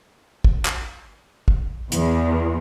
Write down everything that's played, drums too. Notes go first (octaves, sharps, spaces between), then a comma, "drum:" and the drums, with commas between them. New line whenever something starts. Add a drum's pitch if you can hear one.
drum: kick
drum: clap
drum: kick
E2, drum: hi-hat